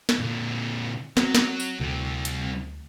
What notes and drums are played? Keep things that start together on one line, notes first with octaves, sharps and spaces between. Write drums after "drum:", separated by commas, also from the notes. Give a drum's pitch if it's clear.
drum: snare
A#2 D3
F#3 C4, drum: snare
drum: snare
drum: tambourine
D2 C3 G3
drum: hi-hat